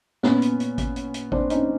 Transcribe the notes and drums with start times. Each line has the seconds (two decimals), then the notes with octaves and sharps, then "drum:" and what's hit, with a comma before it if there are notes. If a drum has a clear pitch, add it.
0.23 A#2 B3 C#4, drum: snare
0.42 drum: hi-hat
0.60 drum: hi-hat
0.78 drum: kick G#1, hi-hat
0.96 drum: hi-hat
1.14 drum: hi-hat
1.32 C4 D4, drum: kick G#1
1.50 C#4 D#4, drum: hi-hat